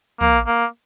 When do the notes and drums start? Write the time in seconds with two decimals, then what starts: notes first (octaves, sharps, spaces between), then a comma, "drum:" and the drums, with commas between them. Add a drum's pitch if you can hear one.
0.21 A#3, drum: tom
0.47 A#3